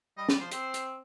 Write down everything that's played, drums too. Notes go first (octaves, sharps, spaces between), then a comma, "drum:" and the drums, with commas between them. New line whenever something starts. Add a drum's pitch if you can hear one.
G3 D#5
G3 D5, drum: snare
F3 C5
C4 C5, drum: hi-hat
drum: hi-hat